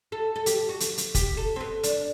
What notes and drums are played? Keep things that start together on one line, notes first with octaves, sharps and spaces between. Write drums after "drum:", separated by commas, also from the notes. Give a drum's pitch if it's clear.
A4
A4
G4, drum: hi-hat
F#4
drum: hi-hat
drum: hi-hat
G4, drum: kick, hi-hat
A4
C4
B3
D4, drum: hi-hat